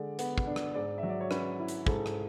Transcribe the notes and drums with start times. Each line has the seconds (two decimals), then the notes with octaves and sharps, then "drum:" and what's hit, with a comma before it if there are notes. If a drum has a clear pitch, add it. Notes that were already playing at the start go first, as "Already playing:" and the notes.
Already playing: D3 G#3 D5
0.19 B3, drum: hi-hat
0.38 drum: kick
0.47 D4
0.56 drum: rim click
0.75 G#2 D5
0.98 E5
1.03 F#3
1.09 D5
1.21 C#5
1.31 C#4 B4, drum: rim click
1.59 E4
1.68 drum: hi-hat
1.87 G#2 A4, drum: kick
2.06 drum: rim click